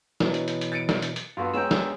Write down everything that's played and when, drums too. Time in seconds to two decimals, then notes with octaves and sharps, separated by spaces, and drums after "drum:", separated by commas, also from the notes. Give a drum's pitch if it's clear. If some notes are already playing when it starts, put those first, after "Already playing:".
0.20 B2 E3 F#3, drum: snare
0.34 drum: hi-hat
0.48 drum: hi-hat
0.61 drum: hi-hat
0.72 A6 C#7 D7
0.89 drum: snare
1.02 drum: hi-hat
1.16 drum: hi-hat
1.37 G2 B3 F4 F#4 A4
1.54 G#3 B3 C#4 G5 A#5 E6
1.71 drum: snare